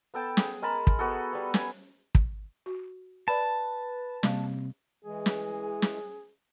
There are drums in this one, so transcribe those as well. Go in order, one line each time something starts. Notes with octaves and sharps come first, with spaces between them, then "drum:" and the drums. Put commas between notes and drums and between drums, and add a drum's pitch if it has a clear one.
B3 A4 G5 A5
G#4, drum: snare
G#3 A#4 A5 B5
drum: kick
B3 F#4 G#4 A4
G3 B3
G#5, drum: snare
drum: kick
F#4
B4 D5 A5 B5
C3 G3 A#3, drum: snare
E3 G#3 G#4
drum: snare
drum: snare